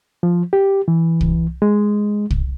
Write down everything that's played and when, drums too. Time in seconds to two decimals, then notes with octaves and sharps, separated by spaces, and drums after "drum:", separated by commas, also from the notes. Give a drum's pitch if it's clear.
0.23 F3
0.53 G4
0.88 E3
1.21 drum: kick
1.62 G#3
2.31 drum: kick